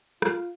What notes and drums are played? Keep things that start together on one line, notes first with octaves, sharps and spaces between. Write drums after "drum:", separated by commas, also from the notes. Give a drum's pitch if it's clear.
F4, drum: rim click